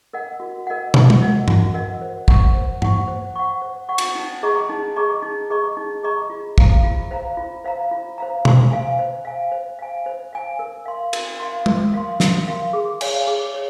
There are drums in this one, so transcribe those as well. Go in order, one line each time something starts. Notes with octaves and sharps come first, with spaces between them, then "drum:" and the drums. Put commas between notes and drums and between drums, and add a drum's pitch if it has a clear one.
A#4 D#5 F#5
F#4
A#4 D#5 F#5
F#4, drum: tom
drum: tom
A#4 D#5 F#5
F#4, drum: tom G2
A#4 D#5 F#5
C5
F#5 C#6, drum: kick
C5
F#5 C#6, drum: tom G2
C5
F#5 C#6
C5
F#5 C#6
drum: cymbal
D#4
G#4 D#5 A#5 C#6
D#4
G#4 D#5 A#5 C#6
D#4
G#4 D#5 A#5 C#6
D#4
G#4 D#5 A#5 C#6
F4
C5 F5 A#5, drum: kick
F4
C5 F5 A#5
F4
C5 F5 A#5
F4
C5 F5 A#5
C5, drum: tom
F5 G#5
C5
F5 G#5
C5
F5 G#5
C5
F5 G#5
A#4
F5 C6
A#4, drum: cymbal
F5 C6
A#4, drum: tom
F5 C6
A#4, drum: snare
F5 C6
G#4
C#5 F5 G#5, drum: cymbal
G#4
C#5